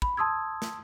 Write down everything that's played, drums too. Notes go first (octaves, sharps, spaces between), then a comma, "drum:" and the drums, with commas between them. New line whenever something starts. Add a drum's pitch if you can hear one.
B5, drum: kick
A5 C6 D#6 E6 G#6
drum: snare